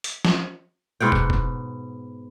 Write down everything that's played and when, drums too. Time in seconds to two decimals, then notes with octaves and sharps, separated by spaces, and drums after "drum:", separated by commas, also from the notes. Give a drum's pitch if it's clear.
0.04 drum: hi-hat
0.25 drum: snare
1.00 G#2 B2 F#5 G5
1.12 drum: kick
1.30 drum: kick